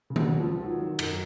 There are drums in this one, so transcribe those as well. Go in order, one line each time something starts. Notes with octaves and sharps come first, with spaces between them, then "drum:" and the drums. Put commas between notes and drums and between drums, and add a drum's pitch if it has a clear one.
C#3
F#3, drum: tom D#3
C#3
F3
C#2
D#3 F#3
D#3
F#2, drum: cymbal